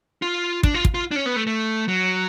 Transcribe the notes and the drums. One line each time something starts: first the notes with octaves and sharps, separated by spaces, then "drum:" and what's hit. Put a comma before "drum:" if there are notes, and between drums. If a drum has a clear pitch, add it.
F4
D4, drum: kick
F4
drum: kick
F4
D4
C#4
B3
A3
A3
F#3